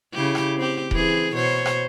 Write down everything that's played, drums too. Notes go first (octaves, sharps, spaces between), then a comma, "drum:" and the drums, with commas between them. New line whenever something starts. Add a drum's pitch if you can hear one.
C#3 E4 G4
drum: rim click
C4 G4
E3 C4 G#4, drum: kick D#1
B2 C5 C#5
drum: rim click